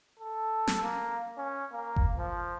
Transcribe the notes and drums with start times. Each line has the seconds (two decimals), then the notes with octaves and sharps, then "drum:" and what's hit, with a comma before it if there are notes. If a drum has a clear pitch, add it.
0.19 A4
0.67 drum: snare
0.83 A#3
1.38 C#4
1.72 A#3
1.96 drum: kick F#1
2.17 F3